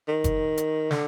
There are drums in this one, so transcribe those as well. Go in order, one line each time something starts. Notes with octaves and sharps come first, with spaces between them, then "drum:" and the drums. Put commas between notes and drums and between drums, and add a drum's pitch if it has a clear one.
D#3
drum: kick F#1, hi-hat
drum: hi-hat
D3, drum: snare